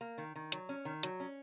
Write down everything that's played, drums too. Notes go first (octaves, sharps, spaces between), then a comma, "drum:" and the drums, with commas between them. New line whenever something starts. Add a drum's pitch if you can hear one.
A#3
D#3
D#3
F#3, drum: hi-hat
C#4
D#3
F#3, drum: hi-hat
C#4